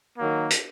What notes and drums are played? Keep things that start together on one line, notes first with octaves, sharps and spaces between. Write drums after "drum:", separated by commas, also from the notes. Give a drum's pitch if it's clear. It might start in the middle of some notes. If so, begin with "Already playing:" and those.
D#3 F#3 A#3
drum: hi-hat